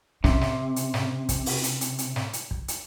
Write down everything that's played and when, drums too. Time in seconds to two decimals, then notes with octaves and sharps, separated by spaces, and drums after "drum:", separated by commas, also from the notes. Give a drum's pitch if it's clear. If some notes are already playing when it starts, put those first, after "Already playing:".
0.24 C3 C#4, drum: snare
0.41 drum: snare
0.76 drum: hi-hat
0.94 drum: snare
1.29 drum: kick, hi-hat
1.46 drum: open hi-hat
1.64 drum: hi-hat
1.81 drum: hi-hat
1.98 drum: hi-hat
2.16 drum: snare
2.33 drum: hi-hat
2.51 drum: kick
2.68 drum: hi-hat